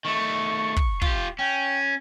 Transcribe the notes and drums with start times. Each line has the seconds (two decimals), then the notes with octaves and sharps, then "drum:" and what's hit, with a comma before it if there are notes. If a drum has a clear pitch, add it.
0.05 D#3 A3 C#6
0.76 drum: kick
1.02 F4 G4, drum: kick
1.39 C#4 G5